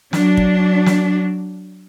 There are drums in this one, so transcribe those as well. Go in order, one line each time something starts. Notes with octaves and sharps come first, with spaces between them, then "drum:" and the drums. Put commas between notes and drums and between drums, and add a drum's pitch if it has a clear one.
F#3 D4, drum: snare
drum: kick
drum: snare